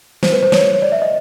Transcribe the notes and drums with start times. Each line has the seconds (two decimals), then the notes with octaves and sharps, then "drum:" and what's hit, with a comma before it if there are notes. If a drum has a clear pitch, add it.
0.23 C5, drum: snare
0.32 B4
0.43 C5
0.52 C#5, drum: snare
0.74 C#5
0.82 D5
0.92 E5
1.02 D#5